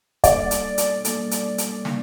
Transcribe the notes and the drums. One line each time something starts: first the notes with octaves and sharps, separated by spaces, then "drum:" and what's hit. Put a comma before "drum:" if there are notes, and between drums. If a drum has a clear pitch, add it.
G3 A#3 D4 A4 D5, drum: kick, hi-hat
drum: hi-hat
drum: hi-hat
G3 A#3 D4 A4, drum: hi-hat
drum: hi-hat
drum: hi-hat
G3 A#3 D4, drum: snare